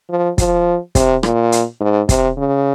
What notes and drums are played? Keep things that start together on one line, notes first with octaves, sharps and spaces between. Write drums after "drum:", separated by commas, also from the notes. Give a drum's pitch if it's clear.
F3
F3, drum: kick, hi-hat
C3, drum: kick, hi-hat
A#2, drum: rim click
drum: hi-hat
G#2
C3, drum: kick, hi-hat
C#3